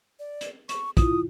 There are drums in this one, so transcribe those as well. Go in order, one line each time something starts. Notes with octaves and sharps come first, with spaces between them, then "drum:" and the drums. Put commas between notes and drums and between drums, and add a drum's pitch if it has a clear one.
D5
drum: hi-hat
C#6, drum: hi-hat
E4 F4 D#6, drum: kick, hi-hat